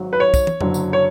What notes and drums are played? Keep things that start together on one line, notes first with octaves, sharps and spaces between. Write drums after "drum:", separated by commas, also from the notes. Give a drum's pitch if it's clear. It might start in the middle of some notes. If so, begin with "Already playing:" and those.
Already playing: G#1 G#2 F#3
B4
C#5
drum: kick, tambourine
drum: tom
F#1 F#2 D3 F#3, drum: tom F2
drum: tambourine
C#5